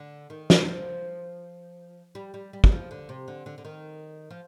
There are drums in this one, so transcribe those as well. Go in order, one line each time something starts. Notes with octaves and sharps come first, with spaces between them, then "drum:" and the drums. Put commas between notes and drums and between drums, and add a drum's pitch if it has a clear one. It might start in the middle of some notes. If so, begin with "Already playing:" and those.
Already playing: D3
D#3
drum: snare
F3
G3
G3
G3
G3, drum: kick
F3
D3
C3
D3
D3
D3
D#3
F3